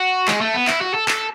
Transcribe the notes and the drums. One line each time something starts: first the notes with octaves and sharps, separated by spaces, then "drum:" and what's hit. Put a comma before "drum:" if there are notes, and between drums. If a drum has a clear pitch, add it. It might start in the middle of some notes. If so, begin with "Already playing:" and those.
Already playing: F#4
G#3, drum: clap
A3
B3
E4, drum: clap
F#4
A4
A4, drum: clap